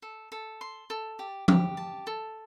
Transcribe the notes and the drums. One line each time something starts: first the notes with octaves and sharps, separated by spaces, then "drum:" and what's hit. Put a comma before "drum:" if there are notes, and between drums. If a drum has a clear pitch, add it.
A4
A4
C6
A4
G4
G4, drum: tom F3
A5
A4